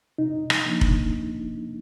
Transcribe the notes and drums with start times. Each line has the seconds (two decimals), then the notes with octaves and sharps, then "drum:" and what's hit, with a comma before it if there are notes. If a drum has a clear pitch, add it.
0.18 C3 D#4
0.50 drum: rim click
0.65 F3 A#3 D4
0.81 drum: kick F1